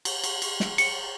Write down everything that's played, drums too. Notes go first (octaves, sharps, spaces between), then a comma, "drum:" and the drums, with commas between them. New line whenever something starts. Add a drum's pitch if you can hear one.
drum: cymbal
drum: cymbal
drum: cymbal
drum: snare
C#7, drum: cymbal